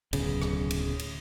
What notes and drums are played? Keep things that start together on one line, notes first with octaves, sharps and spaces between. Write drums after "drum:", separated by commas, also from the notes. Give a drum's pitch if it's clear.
D1 B1 C#3, drum: cymbal
drum: rim click
drum: cymbal
drum: cymbal